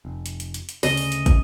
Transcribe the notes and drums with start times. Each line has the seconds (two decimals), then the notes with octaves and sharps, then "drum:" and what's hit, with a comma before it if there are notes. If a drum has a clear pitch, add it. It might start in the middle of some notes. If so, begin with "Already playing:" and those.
0.05 F1
0.26 drum: hi-hat
0.40 drum: hi-hat
0.54 drum: hi-hat
0.69 drum: hi-hat
0.83 D2 C#3 C#4 D#5, drum: open hi-hat
0.97 drum: open hi-hat
1.12 drum: hi-hat
1.26 drum: kick, hi-hat